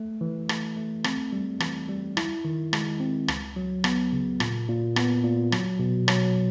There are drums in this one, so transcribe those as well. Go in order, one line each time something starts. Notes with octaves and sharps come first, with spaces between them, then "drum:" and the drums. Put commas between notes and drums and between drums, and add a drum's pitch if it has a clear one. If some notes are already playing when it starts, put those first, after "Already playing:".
Already playing: A3
E3
A3, drum: rim click
A3
C4, drum: rim click
G3
E3, drum: rim click
G3
E4, drum: rim click
D#3
G#3, drum: rim click
C4
C#2, drum: rim click
F#3
B3, drum: rim click
C#3
A#2, drum: rim click
A#2
B3, drum: rim click
A#2
F#3, drum: rim click
B2
F#3, drum: rim click